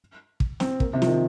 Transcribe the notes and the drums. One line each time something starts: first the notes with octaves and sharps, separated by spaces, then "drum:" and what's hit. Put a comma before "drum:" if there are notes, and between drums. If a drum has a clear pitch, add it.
drum: kick
C4, drum: snare
A#3, drum: kick
C3
F3, drum: snare
D#3